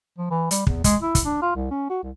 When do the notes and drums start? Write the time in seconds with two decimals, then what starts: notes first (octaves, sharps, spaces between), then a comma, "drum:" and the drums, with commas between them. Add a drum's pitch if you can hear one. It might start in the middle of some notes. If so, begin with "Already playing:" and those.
0.18 F3
0.31 E3
0.51 G3, drum: hi-hat
0.67 E2, drum: kick
0.84 G#3, drum: kick, hi-hat
1.02 E4
1.15 drum: kick, hi-hat
1.25 D4
1.42 F4
1.56 C2
1.71 C#4
1.90 F#4
2.03 C2